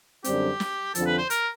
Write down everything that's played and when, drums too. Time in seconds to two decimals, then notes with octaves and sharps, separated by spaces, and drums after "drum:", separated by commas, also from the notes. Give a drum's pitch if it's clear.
0.24 F#2 D3 G3 C4 G4, drum: hi-hat
0.60 drum: snare
0.95 F2 D3 F3 A4, drum: hi-hat
1.06 B4
1.18 C5
1.30 A#4, drum: hi-hat